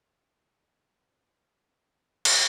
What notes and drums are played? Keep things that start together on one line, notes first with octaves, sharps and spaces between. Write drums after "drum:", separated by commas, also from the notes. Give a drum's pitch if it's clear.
D#2 D#4 D#5
drum: cymbal